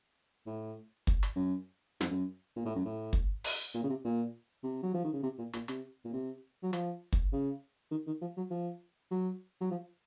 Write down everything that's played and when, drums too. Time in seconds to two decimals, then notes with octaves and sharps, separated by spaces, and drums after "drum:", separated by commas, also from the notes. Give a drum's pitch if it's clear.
0.47 A2
1.07 drum: kick
1.23 drum: hi-hat
1.36 F#2
2.01 F2, drum: snare
2.11 F#2
2.56 A#2
2.65 A2
2.75 F#2
2.85 A2
3.13 drum: kick
3.44 drum: open hi-hat
3.75 A#2
3.83 C#3
3.90 C3
4.05 A#2
4.63 C3
4.83 F#3
4.94 F3
5.04 D#3
5.13 C#3
5.23 C3
5.38 A#2
5.53 A#2, drum: hi-hat
5.68 C3, drum: hi-hat
6.05 A#2
6.13 C3
6.63 F#3
6.73 F3, drum: hi-hat
7.13 drum: kick
7.32 C#3
7.91 D#3
8.07 D#3
8.21 F3
8.37 F#3
8.51 F3
9.11 F#3
9.61 F#3
9.71 F3